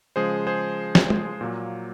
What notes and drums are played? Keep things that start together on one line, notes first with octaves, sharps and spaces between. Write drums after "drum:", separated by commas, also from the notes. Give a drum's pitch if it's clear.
C#3 F3 G#3 G#4 C5
G#4 C5
drum: snare
drum: tom
A#2 F#3 A#3